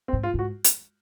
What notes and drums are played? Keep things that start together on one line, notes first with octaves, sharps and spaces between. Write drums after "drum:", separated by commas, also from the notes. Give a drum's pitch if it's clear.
C4
G#2
F4
G#2 F#4
drum: hi-hat